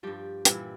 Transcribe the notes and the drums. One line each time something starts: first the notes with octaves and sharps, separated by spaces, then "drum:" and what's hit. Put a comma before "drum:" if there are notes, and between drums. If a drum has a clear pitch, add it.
G2 F3 G3 G4
A#2 E3 G3 E4, drum: hi-hat